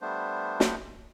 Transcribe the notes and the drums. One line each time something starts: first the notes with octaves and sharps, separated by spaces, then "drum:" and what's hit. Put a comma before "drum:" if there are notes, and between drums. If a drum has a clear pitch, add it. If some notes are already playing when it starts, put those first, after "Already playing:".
G3 A3 B3 D4 C5
drum: snare